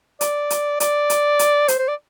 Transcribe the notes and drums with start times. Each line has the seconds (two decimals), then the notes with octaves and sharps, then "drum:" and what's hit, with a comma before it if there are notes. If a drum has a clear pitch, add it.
0.21 D5, drum: hi-hat
0.50 drum: hi-hat
0.80 D5, drum: hi-hat
1.10 drum: hi-hat
1.39 drum: hi-hat
1.68 C5, drum: hi-hat
1.79 C5
1.88 D5